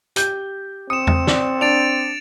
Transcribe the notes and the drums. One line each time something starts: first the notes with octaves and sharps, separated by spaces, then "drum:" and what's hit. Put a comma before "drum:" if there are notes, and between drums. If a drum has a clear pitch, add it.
G4 G6, drum: hi-hat
C4 D#6 C#7 E7
drum: tom E2
D5, drum: snare
D4 A6 D7 F7